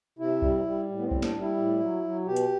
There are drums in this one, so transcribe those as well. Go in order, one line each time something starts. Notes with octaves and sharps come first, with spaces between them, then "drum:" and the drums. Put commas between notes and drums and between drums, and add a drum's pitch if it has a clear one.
C3 E4
G3, drum: kick B1
G3
A2
B3
C4
G3, drum: kick B1
D4, drum: snare
G3
E4
A2
F#3
F#3
B2 G4
drum: hi-hat